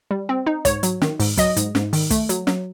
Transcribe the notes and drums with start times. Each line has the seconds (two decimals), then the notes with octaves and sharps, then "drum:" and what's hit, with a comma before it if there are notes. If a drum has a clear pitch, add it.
0.11 G3
0.29 C4
0.46 D#4
0.65 G#2 C#5, drum: kick, hi-hat
0.83 F#3, drum: hi-hat
1.02 D#3, drum: snare
1.20 G#2, drum: open hi-hat
1.38 F#3 D#5, drum: kick, hi-hat
1.56 G#2, drum: hi-hat
1.75 G#2, drum: snare
1.93 D#3, drum: open hi-hat
2.10 A3, drum: kick, hi-hat
2.29 F#3, drum: hi-hat
2.47 F#3, drum: snare